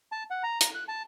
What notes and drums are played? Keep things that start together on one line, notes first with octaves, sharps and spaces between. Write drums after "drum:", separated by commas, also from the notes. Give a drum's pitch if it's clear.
A5
F#5
A#5
A#5, drum: hi-hat
F#6
A5